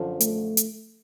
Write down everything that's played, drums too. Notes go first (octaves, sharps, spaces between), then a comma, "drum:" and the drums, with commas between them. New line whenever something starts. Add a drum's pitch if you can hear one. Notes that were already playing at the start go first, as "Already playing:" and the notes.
Already playing: F#2 D3 F3
A3, drum: hi-hat
drum: hi-hat